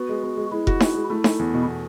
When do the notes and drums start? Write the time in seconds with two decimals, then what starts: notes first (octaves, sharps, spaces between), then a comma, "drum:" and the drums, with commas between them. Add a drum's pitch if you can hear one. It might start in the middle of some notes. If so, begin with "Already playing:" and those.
Already playing: B3 F#4
0.09 G#3
0.23 B3
0.37 G#3
0.51 G#3 E4
0.67 F#4, drum: kick F1
0.80 F#4, drum: snare D#4
0.95 G#3
1.10 A3 E4
1.24 A3, drum: snare D#4
1.39 E2
1.54 B2
1.67 B2